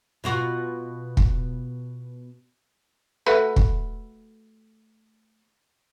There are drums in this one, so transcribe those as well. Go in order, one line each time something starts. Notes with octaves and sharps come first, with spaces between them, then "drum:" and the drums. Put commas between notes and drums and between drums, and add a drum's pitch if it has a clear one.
B2 F4 F#4
drum: kick
A3 F#4 B4
drum: kick